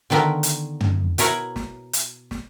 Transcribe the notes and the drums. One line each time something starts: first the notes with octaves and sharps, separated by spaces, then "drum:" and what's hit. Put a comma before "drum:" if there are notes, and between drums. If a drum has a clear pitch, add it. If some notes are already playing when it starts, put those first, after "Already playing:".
D3 D#3 B3 E4 A#4
drum: hi-hat
drum: tom
B2 E4 A#4 C#5 F#5, drum: hi-hat
drum: snare
drum: hi-hat
drum: snare